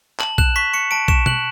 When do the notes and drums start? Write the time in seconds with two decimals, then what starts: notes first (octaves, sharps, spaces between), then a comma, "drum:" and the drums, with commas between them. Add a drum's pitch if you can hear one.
0.20 A5 F#7, drum: clap
0.38 F#6 E7, drum: kick A#1
0.56 C#6 B6
0.74 C#6 C#7
0.91 A5 D7
1.08 C#6 E7, drum: kick A#1
1.26 F#6 F#7, drum: tom